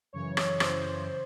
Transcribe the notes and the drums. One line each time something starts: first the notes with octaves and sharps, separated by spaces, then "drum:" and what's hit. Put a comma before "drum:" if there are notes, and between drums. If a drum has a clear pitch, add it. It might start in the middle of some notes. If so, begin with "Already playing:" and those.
F#2 C#3 E3 C#5
drum: rim click
C5, drum: rim click